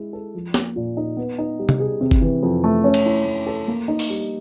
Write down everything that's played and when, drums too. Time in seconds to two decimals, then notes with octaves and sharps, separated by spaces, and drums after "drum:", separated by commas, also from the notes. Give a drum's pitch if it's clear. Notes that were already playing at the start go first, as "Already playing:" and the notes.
Already playing: G#3 E4
0.13 A4
0.35 F3
0.54 A#3, drum: snare
0.76 A#2
0.97 D#4
1.17 B3
1.38 D#4
1.59 G3
1.69 drum: tom C3
1.80 G#4
2.01 C3
2.11 drum: kick F#1
2.21 E3
2.43 F2
2.64 A3
2.84 C#4
2.94 drum: cymbal
3.06 E4
3.25 A3
3.47 A4
3.68 A#3
3.88 D#4
3.99 drum: open hi-hat
4.10 G3